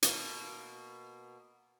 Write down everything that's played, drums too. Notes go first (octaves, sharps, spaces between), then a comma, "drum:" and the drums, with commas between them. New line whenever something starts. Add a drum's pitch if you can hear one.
B2 A#3, drum: hi-hat